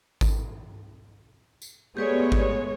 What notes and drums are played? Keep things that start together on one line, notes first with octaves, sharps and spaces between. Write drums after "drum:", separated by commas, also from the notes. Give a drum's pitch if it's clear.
drum: kick G#1, tambourine
drum: tambourine
G#3 A3 B3 G4 B4 C#5 D5
drum: kick G#1